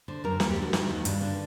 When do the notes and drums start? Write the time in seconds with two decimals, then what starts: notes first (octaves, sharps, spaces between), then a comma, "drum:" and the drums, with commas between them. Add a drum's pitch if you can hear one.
0.08 D3 C5
0.24 F#2 A#4
0.40 D#2 A4, drum: snare
0.51 G4
0.56 D3
0.62 F#4
0.73 D#3 D#4, drum: snare
0.89 D#2
1.05 G2 D4, drum: hi-hat
1.22 D3 D4